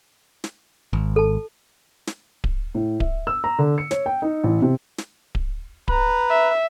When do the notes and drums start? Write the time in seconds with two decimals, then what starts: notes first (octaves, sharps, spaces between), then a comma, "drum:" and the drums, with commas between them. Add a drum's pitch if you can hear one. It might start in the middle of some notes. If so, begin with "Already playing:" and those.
0.44 drum: snare
0.93 G#1
1.16 A4 A5
2.07 drum: snare
2.44 drum: kick D1
2.75 A2
3.00 E5, drum: kick D1
3.27 E6
3.44 A#5
3.59 D3
3.78 C#7
3.91 C#5, drum: snare
4.06 G5
4.22 D#4
4.44 A1
4.62 C3
4.98 drum: snare
5.35 drum: kick D1
5.88 B4 A#5, drum: kick D1
6.30 E5